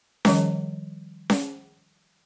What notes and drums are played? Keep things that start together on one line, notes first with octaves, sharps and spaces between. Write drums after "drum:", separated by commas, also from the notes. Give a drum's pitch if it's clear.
D#3 F3 G3 D#5, drum: snare C#4
drum: snare C#4